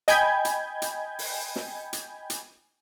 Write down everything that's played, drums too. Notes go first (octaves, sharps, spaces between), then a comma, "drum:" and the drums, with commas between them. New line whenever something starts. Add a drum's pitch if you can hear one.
D#5 G5 G#5 B5 G6 G#6, drum: hi-hat
drum: hi-hat
drum: hi-hat
drum: open hi-hat
drum: snare
drum: hi-hat
drum: hi-hat